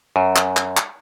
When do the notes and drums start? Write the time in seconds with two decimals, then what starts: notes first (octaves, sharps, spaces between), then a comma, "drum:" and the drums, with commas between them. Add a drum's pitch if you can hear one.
0.16 F#2
0.36 drum: clap
0.57 drum: clap
0.77 drum: clap